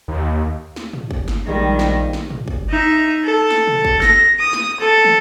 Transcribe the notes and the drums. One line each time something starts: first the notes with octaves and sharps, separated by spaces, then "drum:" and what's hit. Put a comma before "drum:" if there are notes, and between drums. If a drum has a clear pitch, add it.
D#2
drum: snare
drum: tom
drum: kick
drum: snare
A#1 D#3 F3 G3 G#3
drum: snare
drum: snare
drum: tom
drum: kick
D#4 E5
A4
drum: snare
drum: tom
drum: kick
A#6, drum: snare
D#6
drum: snare
A4
drum: tom